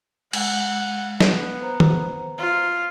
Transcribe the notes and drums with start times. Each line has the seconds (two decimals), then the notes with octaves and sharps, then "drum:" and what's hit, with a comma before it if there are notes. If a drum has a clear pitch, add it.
0.33 G#3 F#5, drum: cymbal
1.20 B3, drum: snare
1.62 C5 A#5
1.80 drum: tom D#3
2.39 F4